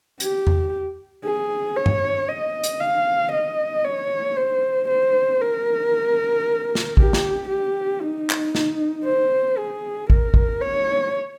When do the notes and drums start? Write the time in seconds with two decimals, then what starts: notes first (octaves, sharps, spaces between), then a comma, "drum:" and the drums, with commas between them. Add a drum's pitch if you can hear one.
0.20 G4, drum: hi-hat
0.47 drum: tom E2
1.24 G#4
1.76 C#5
1.86 drum: tom G2
2.28 D#5
2.64 drum: hi-hat
2.80 F5
3.32 D#5
3.85 C#5
4.37 C5
4.88 C5
5.41 A#4
6.75 drum: snare
6.97 G4, drum: kick A1
7.13 drum: snare
7.48 G4
8.01 D#4
8.30 drum: clap
8.55 drum: snare
9.04 C5
9.58 G#4
10.10 A#4, drum: kick A1
10.34 drum: kick A1
10.61 C#5